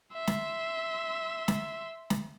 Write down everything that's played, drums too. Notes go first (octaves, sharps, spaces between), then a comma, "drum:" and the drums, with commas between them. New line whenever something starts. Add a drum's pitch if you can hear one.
E5 C6
drum: snare
drum: snare
drum: snare